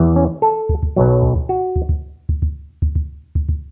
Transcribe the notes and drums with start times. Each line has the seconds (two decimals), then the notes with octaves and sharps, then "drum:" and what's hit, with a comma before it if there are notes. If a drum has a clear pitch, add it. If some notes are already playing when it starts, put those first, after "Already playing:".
Already playing: E2 E3
0.16 C#4
0.42 A4
0.69 drum: kick
0.83 drum: kick
0.96 B1 B2 F#3
1.23 drum: kick
1.36 drum: kick
1.49 F#4
1.76 drum: kick
1.89 drum: kick
2.29 drum: kick
2.42 drum: kick
2.82 drum: kick
2.95 drum: kick
3.35 drum: kick
3.49 drum: kick